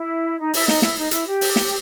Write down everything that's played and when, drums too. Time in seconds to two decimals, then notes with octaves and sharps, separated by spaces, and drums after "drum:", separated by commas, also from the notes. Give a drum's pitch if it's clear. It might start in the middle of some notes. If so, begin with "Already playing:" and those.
Already playing: E4
0.38 D#4
0.53 E4, drum: open hi-hat
0.68 D#4, drum: snare
0.82 E4, drum: snare
0.97 D#4
1.11 E4, drum: hi-hat
1.27 G4
1.41 drum: open hi-hat
1.56 drum: snare